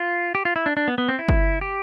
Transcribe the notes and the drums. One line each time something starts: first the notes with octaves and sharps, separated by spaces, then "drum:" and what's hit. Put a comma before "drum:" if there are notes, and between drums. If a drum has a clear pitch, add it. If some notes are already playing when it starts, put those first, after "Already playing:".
Already playing: F4
G4
F4
E4
D4
D4
B3
B3
C4
E4
drum: kick G1
G4